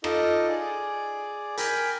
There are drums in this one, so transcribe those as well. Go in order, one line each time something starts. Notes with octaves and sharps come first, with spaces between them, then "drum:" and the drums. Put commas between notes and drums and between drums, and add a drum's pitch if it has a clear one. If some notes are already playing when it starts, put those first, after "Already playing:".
D#4 F4 A4 D#5 D6, drum: rim click
G#4 D5
A#4 G5 G#5 B5, drum: hi-hat